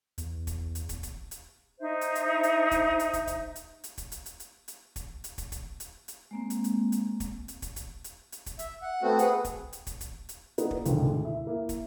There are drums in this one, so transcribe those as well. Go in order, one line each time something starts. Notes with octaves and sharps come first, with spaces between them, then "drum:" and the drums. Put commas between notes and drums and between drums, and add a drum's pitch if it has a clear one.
E2, drum: hi-hat
drum: kick, hi-hat
drum: hi-hat
drum: kick, hi-hat
drum: kick, hi-hat
drum: hi-hat
D#4 C5 E5
drum: hi-hat
drum: hi-hat
drum: hi-hat
drum: kick, hi-hat
drum: hi-hat
drum: kick, hi-hat
drum: kick, hi-hat
drum: hi-hat
drum: hi-hat
drum: kick, hi-hat
drum: hi-hat
drum: hi-hat
drum: hi-hat
drum: hi-hat
drum: kick, hi-hat
drum: hi-hat
drum: kick, hi-hat
drum: kick, hi-hat
drum: hi-hat
drum: hi-hat
G#3 A#3 C4
drum: hi-hat
drum: hi-hat
drum: hi-hat
drum: kick, hi-hat
drum: hi-hat
drum: kick, hi-hat
drum: kick, hi-hat
drum: hi-hat
drum: hi-hat
drum: kick, hi-hat
E5, drum: hi-hat
F#5
A3 B3 C4 F#4
G#4 B4 F#5, drum: hi-hat
drum: kick, hi-hat
drum: hi-hat
drum: kick, hi-hat
drum: kick, hi-hat
drum: hi-hat
A#3 B3 D4 D#4, drum: hi-hat
drum: kick
G#1 C#2 F#2 B2 D3 D#3, drum: hi-hat
D2 G#2
E4 E5
A#3 E4
drum: kick, hi-hat